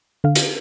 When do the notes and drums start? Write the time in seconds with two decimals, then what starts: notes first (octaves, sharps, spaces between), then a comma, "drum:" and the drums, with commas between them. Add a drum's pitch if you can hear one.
0.24 D3 F5
0.35 drum: hi-hat